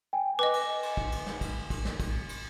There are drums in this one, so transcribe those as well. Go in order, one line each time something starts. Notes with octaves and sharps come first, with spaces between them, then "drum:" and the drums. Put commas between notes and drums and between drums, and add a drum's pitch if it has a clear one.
G5 G#5
B4 D#5 G#5 D6
drum: cymbal
drum: cymbal
drum: kick
drum: cymbal
drum: snare
drum: kick, cymbal
drum: kick, cymbal
drum: snare
drum: kick, cymbal
drum: cymbal